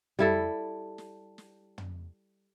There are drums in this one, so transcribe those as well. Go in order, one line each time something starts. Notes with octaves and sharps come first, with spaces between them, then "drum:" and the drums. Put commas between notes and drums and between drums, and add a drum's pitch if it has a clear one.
G3 E4 A4, drum: tom
drum: snare
drum: snare
drum: tom